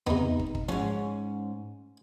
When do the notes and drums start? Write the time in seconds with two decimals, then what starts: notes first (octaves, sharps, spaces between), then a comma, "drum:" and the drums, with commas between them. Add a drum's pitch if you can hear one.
0.07 C3 B3 D#4, drum: tom E2
0.39 drum: kick
0.55 drum: kick
0.69 G#2 F3 C#4